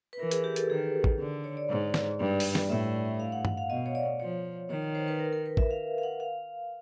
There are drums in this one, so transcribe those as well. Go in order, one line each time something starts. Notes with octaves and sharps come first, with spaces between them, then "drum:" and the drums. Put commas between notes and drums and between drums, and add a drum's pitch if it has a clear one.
B4
E3 A#4
G#4, drum: hi-hat
G4
A4, drum: hi-hat
D#3 G#4
drum: kick
D3
C#5
D5
G#2
drum: snare
G2
drum: open hi-hat
drum: snare
A2 E5
F5
F#5
F#5, drum: tom G2
F5
B2 D#5
C#5
D5
F3 C#5
D#3 C#5
C#5
C5
B4
A#4
A#4
B4
E5, drum: kick
F5
F5
F#5
F5